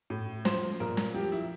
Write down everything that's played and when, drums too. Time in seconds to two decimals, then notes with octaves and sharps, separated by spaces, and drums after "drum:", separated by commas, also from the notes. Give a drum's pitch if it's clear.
0.10 A2
0.45 F3 C5, drum: snare
0.80 A#2 A#4
0.97 drum: snare
1.14 F3 G4
1.32 E4